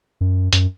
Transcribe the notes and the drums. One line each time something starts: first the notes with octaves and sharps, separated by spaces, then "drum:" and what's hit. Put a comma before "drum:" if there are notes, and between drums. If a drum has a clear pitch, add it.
F#2
F#2, drum: hi-hat